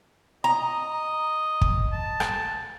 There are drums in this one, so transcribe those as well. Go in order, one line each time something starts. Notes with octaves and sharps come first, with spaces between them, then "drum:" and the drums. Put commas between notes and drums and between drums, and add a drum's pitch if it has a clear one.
D#5 A#5
drum: kick
A5
drum: rim click